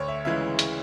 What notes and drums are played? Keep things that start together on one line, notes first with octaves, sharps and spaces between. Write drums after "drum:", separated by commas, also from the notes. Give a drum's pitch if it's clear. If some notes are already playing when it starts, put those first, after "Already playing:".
Already playing: D2 C#5
E5
C#3 E3 G#3 E5
drum: hi-hat